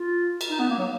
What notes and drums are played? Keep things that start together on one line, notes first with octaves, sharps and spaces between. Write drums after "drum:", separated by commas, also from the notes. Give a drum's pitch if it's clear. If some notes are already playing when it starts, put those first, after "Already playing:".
Already playing: F4
drum: cymbal
D#4
B3
A#3
F#3